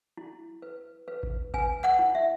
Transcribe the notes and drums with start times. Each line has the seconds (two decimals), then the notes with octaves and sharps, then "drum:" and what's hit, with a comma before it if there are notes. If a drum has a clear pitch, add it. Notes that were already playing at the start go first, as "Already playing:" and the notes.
0.17 E4
0.62 B4
1.08 B4
1.23 drum: kick A1
1.54 B4 G#5, drum: kick A1
1.84 F#5, drum: clap
1.99 E4
2.15 E5